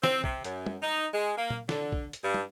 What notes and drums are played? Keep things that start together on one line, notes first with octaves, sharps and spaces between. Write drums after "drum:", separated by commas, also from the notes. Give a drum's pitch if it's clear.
C4, drum: snare
C3, drum: kick A#1
F#2, drum: hi-hat
drum: tom
D#4
G#3
A#3
drum: tom
D3, drum: snare
drum: kick A#1
drum: hi-hat
G2
drum: tom